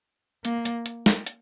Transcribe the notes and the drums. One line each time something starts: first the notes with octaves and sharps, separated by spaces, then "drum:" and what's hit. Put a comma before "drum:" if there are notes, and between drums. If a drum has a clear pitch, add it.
A#3, drum: hi-hat
drum: hi-hat
drum: hi-hat
drum: snare
drum: hi-hat